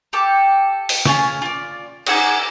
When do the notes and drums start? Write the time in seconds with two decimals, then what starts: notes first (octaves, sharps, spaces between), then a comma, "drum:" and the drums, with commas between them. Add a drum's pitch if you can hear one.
0.13 G4 A4 D6
0.89 drum: open hi-hat
1.05 C#4 F4 G#4, drum: snare
1.42 F4 D5
2.07 D#4 G#4 F#5 D#6, drum: cymbal